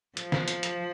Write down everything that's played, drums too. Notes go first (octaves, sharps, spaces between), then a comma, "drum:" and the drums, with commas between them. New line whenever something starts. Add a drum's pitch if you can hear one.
F3, drum: hi-hat
drum: snare
drum: hi-hat
drum: hi-hat